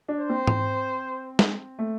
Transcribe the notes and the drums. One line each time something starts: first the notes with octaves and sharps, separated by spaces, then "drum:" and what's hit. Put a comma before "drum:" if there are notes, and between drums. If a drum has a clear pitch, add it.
D4
C5
C4
drum: tom G#2
drum: snare
A3